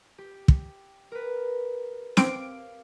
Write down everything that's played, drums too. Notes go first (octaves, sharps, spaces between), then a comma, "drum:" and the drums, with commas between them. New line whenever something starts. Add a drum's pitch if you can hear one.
G4
drum: kick
A#4 B4
C4 F5 D6 D7, drum: snare